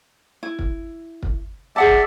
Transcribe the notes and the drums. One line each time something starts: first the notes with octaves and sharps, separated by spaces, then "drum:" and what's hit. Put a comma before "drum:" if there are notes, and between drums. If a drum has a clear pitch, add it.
E4
drum: kick
drum: kick
G#4 D5 E5 F#5 A5
drum: kick